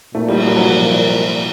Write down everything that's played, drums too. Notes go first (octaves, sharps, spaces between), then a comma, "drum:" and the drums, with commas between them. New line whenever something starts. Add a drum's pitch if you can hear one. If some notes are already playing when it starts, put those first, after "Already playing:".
A#2 A3
G3, drum: cymbal
F#3
F#3
F3